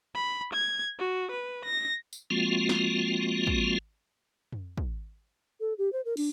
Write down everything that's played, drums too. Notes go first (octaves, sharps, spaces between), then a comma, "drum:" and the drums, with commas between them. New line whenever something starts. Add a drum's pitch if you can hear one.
B5
G#6
F#4
B4
A#6
drum: tambourine
F3 G#3 A#3 C4 F4 F#4
drum: snare
drum: kick
drum: tom
drum: kick
A4
G4
C5
A#4
D4, drum: cymbal